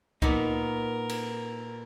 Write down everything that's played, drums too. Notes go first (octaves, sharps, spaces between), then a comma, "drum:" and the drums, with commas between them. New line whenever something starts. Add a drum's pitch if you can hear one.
A#2 B3 D#4 A#4, drum: kick C#2
drum: cymbal